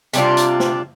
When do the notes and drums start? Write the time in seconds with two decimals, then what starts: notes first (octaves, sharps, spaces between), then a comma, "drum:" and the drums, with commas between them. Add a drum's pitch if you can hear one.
0.13 C3 G3 D4 F4, drum: hi-hat
0.37 drum: hi-hat
0.60 drum: snare